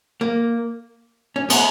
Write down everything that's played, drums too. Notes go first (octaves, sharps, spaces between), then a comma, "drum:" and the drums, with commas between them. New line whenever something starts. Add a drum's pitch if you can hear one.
A#3
C#4
B3, drum: cymbal